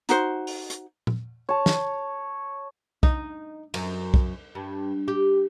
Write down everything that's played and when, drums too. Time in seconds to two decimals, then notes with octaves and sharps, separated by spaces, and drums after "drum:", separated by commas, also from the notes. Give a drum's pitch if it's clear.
0.09 D#4 F#4 C5, drum: hi-hat
0.47 drum: open hi-hat
0.70 drum: hi-hat
1.07 drum: tom A#2
1.49 C#5 A5
1.66 drum: snare
3.03 D#4, drum: kick B1
3.74 F#2, drum: cymbal
4.14 drum: kick B1
4.55 G2
5.08 G4